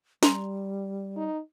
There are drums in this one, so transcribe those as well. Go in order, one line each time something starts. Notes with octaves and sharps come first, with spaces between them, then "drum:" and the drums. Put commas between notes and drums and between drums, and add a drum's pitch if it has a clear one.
G3 A#5 C6 F7, drum: snare
D#4